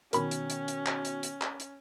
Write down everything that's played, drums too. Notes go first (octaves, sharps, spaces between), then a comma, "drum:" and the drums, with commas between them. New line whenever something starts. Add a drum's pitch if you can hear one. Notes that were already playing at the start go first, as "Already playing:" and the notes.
B2 D#3 C#4 A#4 B5, drum: hi-hat
drum: hi-hat
drum: hi-hat
drum: hi-hat
drum: clap
drum: hi-hat
drum: hi-hat
drum: clap
drum: hi-hat